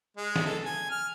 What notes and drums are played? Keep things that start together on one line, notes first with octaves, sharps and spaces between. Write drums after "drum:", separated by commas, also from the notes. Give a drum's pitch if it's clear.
G#3
drum: snare
A4
G#5
F6